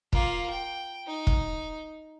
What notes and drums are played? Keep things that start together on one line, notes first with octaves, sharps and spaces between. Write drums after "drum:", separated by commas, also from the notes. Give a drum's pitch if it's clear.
A#3 F4, drum: kick
G5
D#4
drum: kick